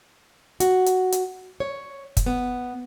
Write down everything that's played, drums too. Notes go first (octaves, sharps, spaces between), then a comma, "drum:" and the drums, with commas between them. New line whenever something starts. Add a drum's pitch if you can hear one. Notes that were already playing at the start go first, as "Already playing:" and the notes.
F#4, drum: hi-hat
drum: hi-hat
drum: hi-hat
C#5
drum: kick, hi-hat
B3